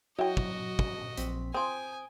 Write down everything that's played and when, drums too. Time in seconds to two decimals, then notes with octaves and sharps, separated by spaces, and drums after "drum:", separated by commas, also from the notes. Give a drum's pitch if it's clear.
0.19 F#3 E4 F#4 D#5 G5
0.37 drum: kick
0.79 drum: kick
1.17 A#1 C4 B6, drum: hi-hat
1.54 C4 F4 G#5 D#6 G6 D7